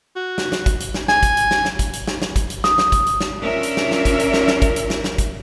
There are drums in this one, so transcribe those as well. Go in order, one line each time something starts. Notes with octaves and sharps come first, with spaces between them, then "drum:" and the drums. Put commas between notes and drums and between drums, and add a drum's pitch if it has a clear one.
F#4
drum: snare
drum: snare
drum: kick, hi-hat
drum: hi-hat
drum: snare
G#5, drum: snare
drum: kick, hi-hat
drum: hi-hat
drum: snare
drum: snare
drum: kick, hi-hat
drum: hi-hat
drum: snare
drum: snare
drum: kick, hi-hat
drum: hi-hat
D#6, drum: snare
drum: snare
drum: kick, hi-hat
drum: hi-hat
drum: snare
C#4 D4 F4 A#4 E5
drum: hi-hat
drum: snare
drum: snare
drum: kick, hi-hat
drum: hi-hat
drum: snare
drum: snare
drum: kick, hi-hat
drum: hi-hat
drum: snare
drum: snare
drum: kick, hi-hat